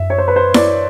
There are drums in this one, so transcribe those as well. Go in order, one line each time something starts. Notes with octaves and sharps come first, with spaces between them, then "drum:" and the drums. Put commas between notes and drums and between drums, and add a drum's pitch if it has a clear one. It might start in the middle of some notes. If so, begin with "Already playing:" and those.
Already playing: F#2 E5
C#5
C5
B4
C5
D5, drum: snare E4